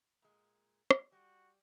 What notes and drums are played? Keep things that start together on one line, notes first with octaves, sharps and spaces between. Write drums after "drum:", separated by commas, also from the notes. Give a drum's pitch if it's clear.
A#2 G#3
drum: rim click
G3 F#4